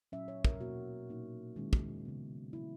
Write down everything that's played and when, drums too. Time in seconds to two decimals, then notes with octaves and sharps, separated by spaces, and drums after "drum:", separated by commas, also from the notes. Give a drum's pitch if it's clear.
0.12 A#2 F#3 C#4 E5
0.28 C#5
0.45 A#4, drum: kick
0.61 B2 A#3 E4 F#4
1.09 A#2 A#3 D#4
1.56 D#3 G#3 C#4 E4
1.73 drum: kick
2.05 C#3 F#3 B3
2.53 F#3 B3 E4